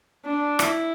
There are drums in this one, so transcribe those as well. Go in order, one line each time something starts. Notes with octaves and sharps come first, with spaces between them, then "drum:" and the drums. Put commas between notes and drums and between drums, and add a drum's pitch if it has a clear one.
D4
E4, drum: rim click